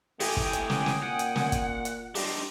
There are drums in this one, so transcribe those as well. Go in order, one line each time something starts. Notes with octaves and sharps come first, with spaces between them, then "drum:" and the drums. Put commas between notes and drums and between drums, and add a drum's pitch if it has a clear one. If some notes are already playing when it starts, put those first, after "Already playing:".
A2 A3 G4 G5 G#5 D#6, drum: open hi-hat
drum: kick
drum: hi-hat
drum: snare
drum: snare
A#2 F#5
drum: hi-hat
drum: snare
drum: kick, hi-hat
drum: hi-hat
G3 D4 D#4 C6, drum: open hi-hat